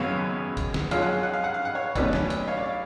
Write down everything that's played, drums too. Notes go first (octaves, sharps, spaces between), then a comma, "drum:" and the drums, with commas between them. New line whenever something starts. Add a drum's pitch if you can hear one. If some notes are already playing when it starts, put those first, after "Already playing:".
Already playing: G#1 F#2 C#3 G#3 B3 C#5 F5
drum: kick, hi-hat
drum: snare
F#2 F3 G#3 C#4 F5, drum: hi-hat
F#5
F5
F#5
F5
F#5
F5
F#5
C#5 F5
B1 B2 A3 C#4 B4 D5, drum: kick, hi-hat
drum: snare
drum: hi-hat
C#5 F5
D5
F5